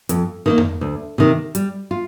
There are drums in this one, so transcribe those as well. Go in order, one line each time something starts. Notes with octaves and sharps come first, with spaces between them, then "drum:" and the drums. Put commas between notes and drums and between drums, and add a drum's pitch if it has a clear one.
F2, drum: hi-hat
D#3 A#3 D#4
drum: tom F2
D2
C3 D#3
G3, drum: hi-hat
F4